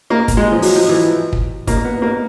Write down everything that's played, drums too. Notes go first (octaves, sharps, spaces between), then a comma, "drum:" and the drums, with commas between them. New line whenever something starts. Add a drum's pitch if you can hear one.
A#3
drum: kick, hi-hat
G#3
F3
F#3, drum: open hi-hat
F3
E3
drum: kick
A#3, drum: kick, hi-hat
B3
A#3